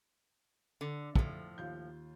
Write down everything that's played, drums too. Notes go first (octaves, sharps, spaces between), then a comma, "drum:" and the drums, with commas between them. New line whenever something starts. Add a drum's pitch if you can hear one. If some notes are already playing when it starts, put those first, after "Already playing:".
D3
A2 F3 A4 E5, drum: kick
D#2 F4 G6